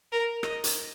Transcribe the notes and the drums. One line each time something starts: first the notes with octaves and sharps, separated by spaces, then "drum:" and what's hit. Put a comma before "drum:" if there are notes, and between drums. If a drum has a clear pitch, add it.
A#4
D#5, drum: rim click
drum: hi-hat